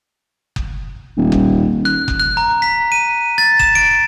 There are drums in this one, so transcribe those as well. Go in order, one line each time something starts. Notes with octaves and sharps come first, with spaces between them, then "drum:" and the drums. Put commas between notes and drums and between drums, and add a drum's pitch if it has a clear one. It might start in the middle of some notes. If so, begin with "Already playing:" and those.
drum: kick F#1
D#1
drum: kick F#1
F#6
drum: kick F#1
F#6
A#5
B6
D#7
A6
E7, drum: kick F#1
D7